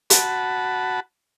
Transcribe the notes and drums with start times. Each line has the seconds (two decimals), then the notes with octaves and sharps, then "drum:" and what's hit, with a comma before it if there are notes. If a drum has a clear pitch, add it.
0.10 F#4 A5 B5, drum: hi-hat